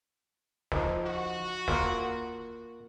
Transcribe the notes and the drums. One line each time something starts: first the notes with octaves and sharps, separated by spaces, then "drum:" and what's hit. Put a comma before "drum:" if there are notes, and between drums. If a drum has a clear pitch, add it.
F3 D#4, drum: snare
F#4
A#3 F4, drum: snare